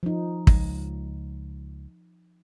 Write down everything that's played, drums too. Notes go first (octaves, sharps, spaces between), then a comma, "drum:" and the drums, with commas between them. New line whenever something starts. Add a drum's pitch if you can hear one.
F3 D#4
C#2 G#3, drum: kick